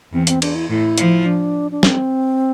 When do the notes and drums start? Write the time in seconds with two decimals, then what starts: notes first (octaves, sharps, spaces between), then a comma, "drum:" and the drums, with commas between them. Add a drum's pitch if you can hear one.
0.13 E2 C4
0.27 C4, drum: hi-hat
0.42 D4, drum: cymbal
0.55 E4
0.70 A2 E4
0.98 F3, drum: hi-hat
1.26 D4
1.71 D4
1.83 C4, drum: snare